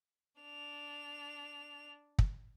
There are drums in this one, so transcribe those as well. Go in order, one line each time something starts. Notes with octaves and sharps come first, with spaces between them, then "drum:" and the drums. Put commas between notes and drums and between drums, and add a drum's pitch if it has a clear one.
D4 F7
drum: kick